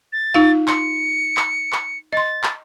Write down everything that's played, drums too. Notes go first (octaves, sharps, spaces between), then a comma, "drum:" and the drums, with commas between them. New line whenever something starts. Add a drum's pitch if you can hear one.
A6
D#4 F4 F5
C6 C#7, drum: clap
drum: clap
drum: clap
D#5 C6 A6
drum: clap